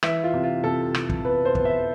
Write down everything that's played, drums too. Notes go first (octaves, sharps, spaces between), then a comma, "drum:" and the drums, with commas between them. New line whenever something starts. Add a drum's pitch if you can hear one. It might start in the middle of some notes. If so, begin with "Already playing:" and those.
E3 E5, drum: rim click
F4
C3
F4
C3 A4
C3, drum: rim click
drum: kick
B3 B4
C5
B3, drum: kick
E5